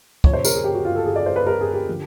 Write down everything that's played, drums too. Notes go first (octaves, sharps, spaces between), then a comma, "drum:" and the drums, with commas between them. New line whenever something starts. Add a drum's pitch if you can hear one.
D#2 C#3 F3 C#5, drum: kick
C5
A#4, drum: tambourine
G#4
G4
F#4
F4
A4
G#4
D5
C5
B4
A#4
G#4
G4
D3 F3